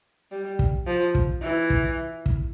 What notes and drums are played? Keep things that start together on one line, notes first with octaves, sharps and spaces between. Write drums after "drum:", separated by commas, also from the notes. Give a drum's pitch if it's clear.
G3
drum: kick
F3
drum: kick
E3
drum: kick
drum: kick